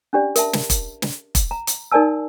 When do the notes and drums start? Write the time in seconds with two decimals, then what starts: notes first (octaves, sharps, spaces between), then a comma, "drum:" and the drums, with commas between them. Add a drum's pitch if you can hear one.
0.13 C#4 D4 G4 D5
0.36 A#4 E5 A5, drum: hi-hat
0.53 drum: snare
0.70 drum: kick E1, hi-hat
1.02 drum: snare
1.35 drum: kick E1, hi-hat
1.51 A#5
1.67 drum: hi-hat
1.92 D#4 A#4 D5 G#5 A5 E6